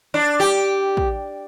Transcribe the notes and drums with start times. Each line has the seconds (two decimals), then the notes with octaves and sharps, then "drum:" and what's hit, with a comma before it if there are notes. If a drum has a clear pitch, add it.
0.14 D4
0.40 G4
0.97 drum: kick